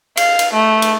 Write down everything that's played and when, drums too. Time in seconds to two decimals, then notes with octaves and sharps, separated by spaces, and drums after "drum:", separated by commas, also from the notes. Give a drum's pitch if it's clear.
0.17 F5, drum: cymbal
0.39 drum: cymbal
0.54 A3
0.82 drum: cymbal